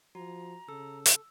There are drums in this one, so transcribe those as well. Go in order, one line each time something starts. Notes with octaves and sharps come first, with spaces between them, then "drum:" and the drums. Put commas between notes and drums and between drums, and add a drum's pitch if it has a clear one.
F3 F#4 A#5
C#3 A4 E6
drum: hi-hat